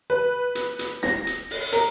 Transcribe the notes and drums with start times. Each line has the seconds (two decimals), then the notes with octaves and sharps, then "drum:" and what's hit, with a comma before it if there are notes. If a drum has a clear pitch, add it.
0.10 B4
0.55 drum: hi-hat
0.79 drum: hi-hat
1.03 A#6, drum: snare
1.27 drum: hi-hat
1.51 drum: open hi-hat
1.73 A#4, drum: hi-hat